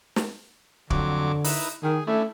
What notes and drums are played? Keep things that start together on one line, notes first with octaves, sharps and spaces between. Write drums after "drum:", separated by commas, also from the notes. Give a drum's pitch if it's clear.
drum: snare
F2 D3 F#3 D6, drum: kick
D#4 E4 B4, drum: open hi-hat
D#3 G#4
A3 C#4 D4 E4